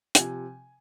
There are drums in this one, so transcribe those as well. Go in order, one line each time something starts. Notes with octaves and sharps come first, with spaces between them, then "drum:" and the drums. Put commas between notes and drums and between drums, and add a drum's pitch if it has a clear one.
C3 F3 G#5, drum: hi-hat